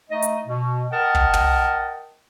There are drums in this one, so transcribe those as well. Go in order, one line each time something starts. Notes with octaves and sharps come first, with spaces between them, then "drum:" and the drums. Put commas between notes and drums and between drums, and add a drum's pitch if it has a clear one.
A3 D#4 D#5
drum: hi-hat
B2
A#4 D#5 F#5 G5 A5
drum: kick
drum: tom